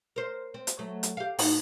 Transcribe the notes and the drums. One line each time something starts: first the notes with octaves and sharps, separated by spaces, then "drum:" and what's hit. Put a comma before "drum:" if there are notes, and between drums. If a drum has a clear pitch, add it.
A#4 C5
C4
drum: hi-hat
F#3 A3
drum: hi-hat
G4 F5
A2 D#4 F#4, drum: open hi-hat